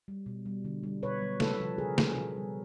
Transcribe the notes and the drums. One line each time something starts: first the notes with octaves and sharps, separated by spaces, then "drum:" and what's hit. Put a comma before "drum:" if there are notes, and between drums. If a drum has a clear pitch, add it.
G3
B2
G3
D3
G3
B2 B4 C#5
F#3
C#3 A4 B4, drum: snare
F3
C#3 G#4 A#4
F3, drum: snare
B2
G3